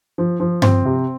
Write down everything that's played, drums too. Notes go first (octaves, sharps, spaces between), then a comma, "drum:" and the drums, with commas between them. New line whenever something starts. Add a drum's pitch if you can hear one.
F3
F3
C4, drum: tom G2
C3